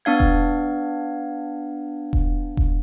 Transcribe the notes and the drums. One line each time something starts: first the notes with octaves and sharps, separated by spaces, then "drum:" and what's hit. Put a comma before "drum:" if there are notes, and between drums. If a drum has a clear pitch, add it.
B3 D4 F5 G#6
drum: kick E1
drum: kick E1
drum: kick E1